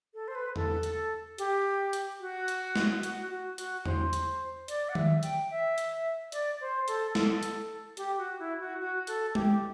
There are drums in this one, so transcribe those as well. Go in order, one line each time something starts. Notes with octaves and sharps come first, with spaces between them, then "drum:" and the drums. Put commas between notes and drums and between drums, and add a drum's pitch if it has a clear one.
A4
C5
B4
A4, drum: tom E2
drum: hi-hat
G4, drum: hi-hat
drum: hi-hat
F#4
drum: hi-hat
drum: snare
F#4, drum: hi-hat
F#4
F#4, drum: hi-hat
C5, drum: tom E2
drum: hi-hat
D5, drum: hi-hat
F#5
E5, drum: tom D#3
G5, drum: hi-hat
E5
drum: hi-hat
D5, drum: hi-hat
C5
A4, drum: hi-hat
A4, drum: snare
drum: hi-hat
G4, drum: hi-hat
F#4
E4
F#4
F#4
A4, drum: hi-hat
G4, drum: tom G#3